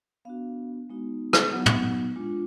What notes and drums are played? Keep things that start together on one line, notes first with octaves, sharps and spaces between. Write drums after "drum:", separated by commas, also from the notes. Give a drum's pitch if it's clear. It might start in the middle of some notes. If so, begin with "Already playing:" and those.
B3 D4 F#4 F5
G#3 B3 D#4 F#4
drum: rim click
F#3 B3 D#4 F#4 F#5
drum: tom
G#3 D4 F4